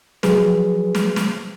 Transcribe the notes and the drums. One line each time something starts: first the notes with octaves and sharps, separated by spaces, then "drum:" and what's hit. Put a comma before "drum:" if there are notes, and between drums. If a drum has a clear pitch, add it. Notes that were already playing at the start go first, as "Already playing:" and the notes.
F3 F#3 G#4 B4, drum: snare
drum: snare
drum: snare